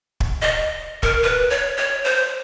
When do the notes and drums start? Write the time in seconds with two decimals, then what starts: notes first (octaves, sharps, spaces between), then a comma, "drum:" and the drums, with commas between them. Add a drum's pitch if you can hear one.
0.20 drum: kick
0.42 D#5
1.03 A#4, drum: kick
1.23 B4
1.50 C#5
1.77 C#5
2.04 C5